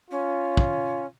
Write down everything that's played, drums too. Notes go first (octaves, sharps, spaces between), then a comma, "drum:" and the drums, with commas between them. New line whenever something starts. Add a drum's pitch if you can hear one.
C#4 F4
drum: kick